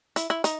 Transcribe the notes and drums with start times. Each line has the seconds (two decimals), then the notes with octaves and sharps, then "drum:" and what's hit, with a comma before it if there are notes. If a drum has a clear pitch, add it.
0.16 E4, drum: hi-hat
0.30 E4
0.44 D#4, drum: hi-hat